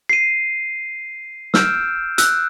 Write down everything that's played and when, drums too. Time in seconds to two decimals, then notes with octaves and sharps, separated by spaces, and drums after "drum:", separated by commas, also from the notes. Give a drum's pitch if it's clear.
0.09 C7 D#7
1.54 E6 F6 G6 D7 E7, drum: snare
2.18 E6 F#6, drum: hi-hat